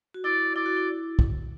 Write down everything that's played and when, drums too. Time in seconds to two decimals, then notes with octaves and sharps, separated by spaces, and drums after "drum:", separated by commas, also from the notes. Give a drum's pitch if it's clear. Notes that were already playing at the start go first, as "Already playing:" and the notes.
0.14 F#4
0.24 E4 D5
0.56 E4 D5
0.66 F#4
0.76 E4
1.19 drum: kick